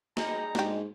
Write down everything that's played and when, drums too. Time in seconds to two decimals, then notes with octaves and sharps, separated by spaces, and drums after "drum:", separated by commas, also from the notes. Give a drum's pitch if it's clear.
0.17 G3 D#4 G#4 A#5, drum: snare
0.55 G#2 D4 G4, drum: snare